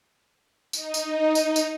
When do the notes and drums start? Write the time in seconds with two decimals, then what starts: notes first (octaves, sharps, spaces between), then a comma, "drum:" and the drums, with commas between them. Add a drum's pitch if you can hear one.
0.73 D#4, drum: tambourine
0.94 drum: tambourine
1.35 drum: tambourine
1.56 drum: tambourine